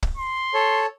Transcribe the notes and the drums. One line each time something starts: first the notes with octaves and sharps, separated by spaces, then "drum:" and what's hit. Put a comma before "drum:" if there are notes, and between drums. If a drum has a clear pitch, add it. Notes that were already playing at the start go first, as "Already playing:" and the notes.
drum: kick
C6
A4 C#5